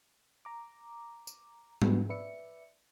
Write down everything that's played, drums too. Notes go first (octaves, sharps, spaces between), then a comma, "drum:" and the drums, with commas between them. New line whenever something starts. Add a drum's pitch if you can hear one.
A#5 D6
drum: tambourine
G3 G#3 B3 D4 F#4 B4, drum: tom G#2
B4 D5 E5 C#7